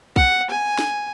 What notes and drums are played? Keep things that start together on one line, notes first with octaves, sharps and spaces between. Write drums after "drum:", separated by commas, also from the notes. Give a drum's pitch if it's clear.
F#5, drum: kick
G#5
drum: snare